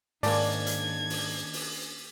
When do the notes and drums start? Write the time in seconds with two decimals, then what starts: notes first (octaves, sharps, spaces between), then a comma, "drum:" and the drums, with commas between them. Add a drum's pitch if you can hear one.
0.23 G#2 D#3 A#3 C#4 D4 D5 G#6, drum: open hi-hat
0.67 drum: hi-hat
1.10 drum: open hi-hat
1.53 drum: open hi-hat